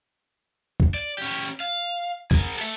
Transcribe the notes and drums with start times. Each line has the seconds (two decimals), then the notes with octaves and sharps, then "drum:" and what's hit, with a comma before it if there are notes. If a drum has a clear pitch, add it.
0.80 drum: kick
0.94 D5
1.18 C#4 G4
1.60 F5
2.31 G#4 A#4, drum: kick
2.58 A4 E5, drum: open hi-hat